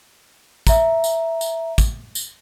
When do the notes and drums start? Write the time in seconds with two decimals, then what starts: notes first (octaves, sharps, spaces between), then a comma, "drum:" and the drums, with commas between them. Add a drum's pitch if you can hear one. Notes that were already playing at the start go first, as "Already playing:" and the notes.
0.67 E5 A#5, drum: kick, tambourine
1.04 drum: tambourine
1.41 drum: tambourine
1.78 drum: kick, tambourine
2.15 drum: tambourine